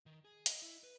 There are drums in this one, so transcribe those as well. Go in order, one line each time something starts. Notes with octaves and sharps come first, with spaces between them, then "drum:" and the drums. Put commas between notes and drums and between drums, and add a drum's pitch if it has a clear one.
D#3
G#4
D#5, drum: hi-hat
E4
B4